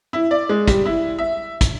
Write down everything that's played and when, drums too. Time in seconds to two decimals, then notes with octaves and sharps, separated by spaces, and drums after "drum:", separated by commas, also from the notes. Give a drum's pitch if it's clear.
0.13 E4
0.31 D5
0.49 G#3
0.68 G3, drum: kick, hi-hat
0.86 E4
1.19 E5
1.61 drum: kick, hi-hat